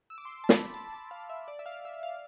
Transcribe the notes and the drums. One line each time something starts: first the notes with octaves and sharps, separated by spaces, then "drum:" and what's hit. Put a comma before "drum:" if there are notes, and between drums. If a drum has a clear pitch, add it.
E6
D6
C6
A5
B5, drum: snare
A5
A5
F5
E5
D5
E5
F5
E5
F5